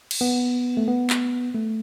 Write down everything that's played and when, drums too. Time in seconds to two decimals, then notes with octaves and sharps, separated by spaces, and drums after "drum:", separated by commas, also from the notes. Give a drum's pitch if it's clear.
0.11 drum: cymbal
0.21 B3
0.77 A3
0.88 B3
1.10 drum: clap
1.55 A3